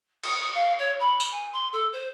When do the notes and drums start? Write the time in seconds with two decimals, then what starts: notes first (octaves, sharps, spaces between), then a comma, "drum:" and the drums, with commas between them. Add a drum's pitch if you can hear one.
0.24 D#6, drum: cymbal
0.54 F5
0.78 C#5
1.00 B5
1.20 drum: tambourine
1.31 G#5
1.53 C6
1.73 A4
1.92 C5